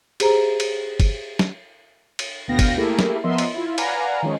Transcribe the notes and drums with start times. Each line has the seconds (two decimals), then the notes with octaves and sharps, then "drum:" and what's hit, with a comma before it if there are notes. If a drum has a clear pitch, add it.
0.20 G4 G#4 C5 A#5, drum: cymbal
0.60 drum: cymbal
1.00 drum: kick, cymbal
1.39 drum: snare
2.19 drum: cymbal
2.48 D2 B2 B3 F5 G5 A#6
2.59 drum: kick, cymbal
2.77 A3 A#3 E4 G4 G#4 A#4
2.99 drum: snare
3.24 F3 B3 A#4 D#5 E5 C6
3.38 drum: cymbal
3.54 E4 F4
3.78 B4 D5 F5 F#5 G#5 A#5, drum: cymbal
4.22 D#3 F3 G#3 C#4 D#4